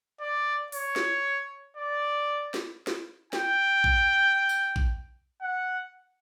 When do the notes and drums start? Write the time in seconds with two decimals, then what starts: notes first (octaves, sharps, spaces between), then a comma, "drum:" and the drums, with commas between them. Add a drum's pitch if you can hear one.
0.21 D5
0.72 C#5, drum: open hi-hat
0.96 drum: snare
1.77 D5
2.54 drum: snare
2.87 drum: snare
3.33 G5, drum: snare
3.84 drum: kick A#1
4.49 drum: tambourine
4.76 drum: kick A#1
5.42 F#5